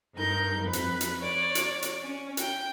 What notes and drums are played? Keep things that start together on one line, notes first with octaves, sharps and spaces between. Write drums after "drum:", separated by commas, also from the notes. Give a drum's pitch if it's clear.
G2 D#4 A#4 G6
F2 B4
drum: hi-hat
drum: hi-hat
C#5 D5
drum: hi-hat
drum: hi-hat
C#4
G5 G6, drum: hi-hat